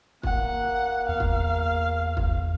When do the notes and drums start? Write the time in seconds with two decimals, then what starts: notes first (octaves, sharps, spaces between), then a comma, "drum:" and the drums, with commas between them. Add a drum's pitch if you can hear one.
0.23 A#3 F#5, drum: kick
1.09 E2 F5
1.20 drum: kick
2.17 drum: kick